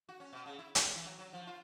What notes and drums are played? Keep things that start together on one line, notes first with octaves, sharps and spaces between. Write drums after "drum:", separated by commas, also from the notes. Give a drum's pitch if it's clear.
F#4
C#4
B2
C#3
E4
G4, drum: hi-hat
E3
F#3
F#3
F3
F4